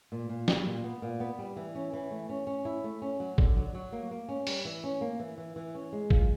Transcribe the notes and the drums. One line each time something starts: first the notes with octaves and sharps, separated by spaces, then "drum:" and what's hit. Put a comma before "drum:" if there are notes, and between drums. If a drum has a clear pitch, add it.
A#2
A#2
G3, drum: snare
A#2
B3
A#2
B3
G3
E3
C#4
E3
A3
C#4
C#4
E4
A3
C#4
F#3
D3, drum: kick
F#3
F#3
A#3
A#3
C#4
G3, drum: open hi-hat
E3
C#4
A#3
E3
E3
E3
C#4
G#3
F3, drum: kick